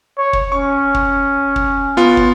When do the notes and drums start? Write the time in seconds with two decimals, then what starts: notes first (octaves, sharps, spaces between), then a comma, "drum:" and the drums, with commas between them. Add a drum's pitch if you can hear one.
0.18 C#5
0.33 drum: kick
0.52 C#4 C#6
0.94 drum: kick
1.56 drum: kick
1.97 B3 F4
2.17 drum: kick